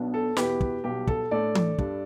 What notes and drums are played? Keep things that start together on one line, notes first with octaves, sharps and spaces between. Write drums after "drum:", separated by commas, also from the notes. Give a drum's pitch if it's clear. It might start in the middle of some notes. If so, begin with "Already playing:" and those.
Already playing: B1 B2 B3 D4
A4
E2 B2 B3 E4 G4 B4, drum: snare
drum: kick
B1 B2 G3 B3 G4
A4, drum: kick
A2 A3 D4 A4 D5
drum: tom E3
G2 G3 D4, drum: kick